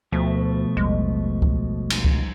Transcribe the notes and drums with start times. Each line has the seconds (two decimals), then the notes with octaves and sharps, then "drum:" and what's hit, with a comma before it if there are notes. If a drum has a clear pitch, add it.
0.12 D2 B2 F3 A3
0.77 A1 D#2 G3 G#3
1.42 drum: kick C#2
1.90 drum: cymbal
2.04 drum: kick C#2